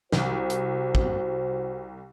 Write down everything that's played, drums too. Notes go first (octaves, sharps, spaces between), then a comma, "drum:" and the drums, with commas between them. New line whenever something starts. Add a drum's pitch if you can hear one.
C2 F#4 C5, drum: snare
drum: hi-hat
drum: kick